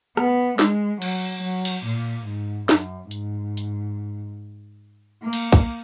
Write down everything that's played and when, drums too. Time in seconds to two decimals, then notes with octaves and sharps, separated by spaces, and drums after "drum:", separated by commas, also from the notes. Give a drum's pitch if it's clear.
0.17 B3, drum: rim click
0.59 G#3, drum: snare
1.02 F#3, drum: cymbal
1.43 F#3
1.65 drum: cymbal
1.86 A#2
2.27 G#2
2.69 F#2, drum: snare
3.11 G#2, drum: hi-hat
3.57 drum: hi-hat
5.23 A#3
5.33 drum: cymbal
5.52 drum: kick